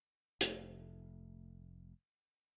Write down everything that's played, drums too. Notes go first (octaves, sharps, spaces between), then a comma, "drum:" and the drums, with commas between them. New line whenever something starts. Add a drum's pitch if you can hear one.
F1 A3, drum: hi-hat